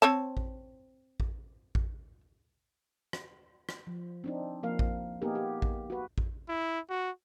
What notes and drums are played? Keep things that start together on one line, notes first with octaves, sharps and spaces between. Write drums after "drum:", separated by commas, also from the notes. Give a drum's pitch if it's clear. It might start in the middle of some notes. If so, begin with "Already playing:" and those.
C4 C#5 A5
drum: kick A1
drum: kick A1
drum: kick A1
drum: rim click
drum: rim click
F3
C4 D4 D#4
F3 A#3 A#4 F5
drum: kick A1
A#3 B3 D#4 G4 G#4 A#4
G4
drum: kick A1
F#4 B4
drum: kick A1
E4
F#4